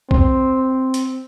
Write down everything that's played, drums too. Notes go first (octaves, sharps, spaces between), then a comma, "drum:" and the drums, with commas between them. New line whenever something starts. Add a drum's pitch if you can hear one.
C4, drum: kick B1
drum: hi-hat